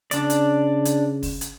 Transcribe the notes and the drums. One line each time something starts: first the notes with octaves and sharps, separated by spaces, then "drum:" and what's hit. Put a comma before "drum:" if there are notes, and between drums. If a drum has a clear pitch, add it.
C#3 D4 D5, drum: hi-hat
drum: hi-hat
drum: hi-hat
drum: kick, open hi-hat
drum: hi-hat